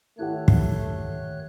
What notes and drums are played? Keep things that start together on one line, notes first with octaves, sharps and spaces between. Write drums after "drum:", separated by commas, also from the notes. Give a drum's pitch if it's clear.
D#3 A3 E4 G4 C#5 F#5 F#6
drum: kick